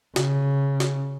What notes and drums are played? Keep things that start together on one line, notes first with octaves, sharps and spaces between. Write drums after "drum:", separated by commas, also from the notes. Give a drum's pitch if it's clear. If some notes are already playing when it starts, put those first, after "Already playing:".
C#3, drum: snare
drum: snare